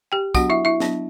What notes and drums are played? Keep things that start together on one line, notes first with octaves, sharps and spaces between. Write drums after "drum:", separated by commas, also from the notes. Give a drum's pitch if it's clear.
G4 G5
F#3 B3 D4 F#4 F#5, drum: kick, tambourine
E4 E5
E4 E5
F#3 B3 D4, drum: snare